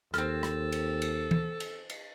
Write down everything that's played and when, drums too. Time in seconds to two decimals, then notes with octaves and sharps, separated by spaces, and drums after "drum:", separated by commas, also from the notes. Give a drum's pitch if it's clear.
0.14 D#2 C4 A4 F6, drum: rim click
0.43 drum: rim click
0.72 drum: cymbal
1.02 drum: cymbal
1.31 drum: tom E3
1.60 drum: cymbal
1.90 drum: cymbal